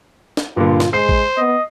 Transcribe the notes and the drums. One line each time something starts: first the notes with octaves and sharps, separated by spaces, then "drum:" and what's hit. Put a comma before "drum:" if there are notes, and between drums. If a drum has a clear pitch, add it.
drum: snare
G2 A#2 D3 F4
drum: snare
G#3 C5 C7
drum: kick A1
B3 D#5